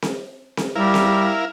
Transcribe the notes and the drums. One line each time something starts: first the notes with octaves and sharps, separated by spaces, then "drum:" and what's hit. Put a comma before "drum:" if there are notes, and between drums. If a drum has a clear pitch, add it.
drum: snare C4
drum: snare C4
G3 E4 A#4 F5
drum: snare C4